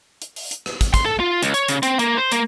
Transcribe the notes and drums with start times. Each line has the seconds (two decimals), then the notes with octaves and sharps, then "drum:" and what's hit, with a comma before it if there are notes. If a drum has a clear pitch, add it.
0.22 drum: hi-hat
0.36 drum: open hi-hat
0.51 drum: hi-hat
0.66 drum: rim click
0.81 drum: kick, hi-hat
0.94 C6, drum: kick, hi-hat
1.05 A4
1.20 F4
1.43 C#2, drum: hi-hat
1.54 C#5, drum: hi-hat
1.68 C#3, drum: hi-hat
1.83 C4, drum: hi-hat
1.99 A#3, drum: hi-hat
2.17 C5
2.32 A#3, drum: hi-hat